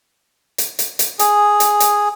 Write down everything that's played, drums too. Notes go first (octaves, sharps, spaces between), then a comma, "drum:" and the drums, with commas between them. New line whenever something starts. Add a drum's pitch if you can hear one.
drum: hi-hat
drum: hi-hat
drum: hi-hat
G#4, drum: hi-hat
drum: hi-hat
drum: hi-hat